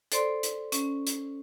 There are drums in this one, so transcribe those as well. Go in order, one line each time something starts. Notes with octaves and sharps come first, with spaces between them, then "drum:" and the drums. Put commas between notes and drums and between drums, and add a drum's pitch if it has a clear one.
A4 C5 D5 C6, drum: hi-hat
drum: hi-hat
C#4, drum: hi-hat
drum: hi-hat